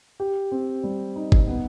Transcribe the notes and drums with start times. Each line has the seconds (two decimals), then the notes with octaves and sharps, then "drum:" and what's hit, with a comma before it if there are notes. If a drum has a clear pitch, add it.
0.20 G4
0.52 C4
0.83 G3
1.16 D#4
1.32 drum: kick G1
1.47 B3